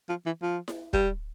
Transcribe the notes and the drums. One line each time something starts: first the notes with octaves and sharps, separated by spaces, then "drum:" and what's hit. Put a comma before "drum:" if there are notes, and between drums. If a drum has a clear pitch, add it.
F3
E3
F3
drum: snare E4
G3, drum: kick